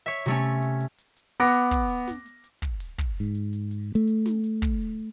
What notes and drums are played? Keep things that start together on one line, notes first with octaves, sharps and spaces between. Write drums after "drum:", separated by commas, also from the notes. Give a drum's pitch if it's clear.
C#5 E5
C3 A3 C#4, drum: snare
drum: hi-hat
drum: hi-hat
drum: hi-hat
drum: hi-hat
drum: hi-hat
B3 F#5 D6 A#6
drum: hi-hat
drum: kick, hi-hat
drum: hi-hat
drum: snare
drum: hi-hat
drum: hi-hat
drum: kick, hi-hat
drum: open hi-hat
drum: kick, hi-hat
G#2
drum: hi-hat
drum: hi-hat
drum: hi-hat
A3
drum: hi-hat
drum: snare
drum: hi-hat
drum: kick, hi-hat